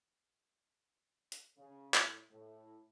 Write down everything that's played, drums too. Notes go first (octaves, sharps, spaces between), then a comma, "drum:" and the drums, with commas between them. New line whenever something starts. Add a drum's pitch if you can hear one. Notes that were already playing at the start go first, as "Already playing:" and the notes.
drum: hi-hat
C#3
A2, drum: clap
A2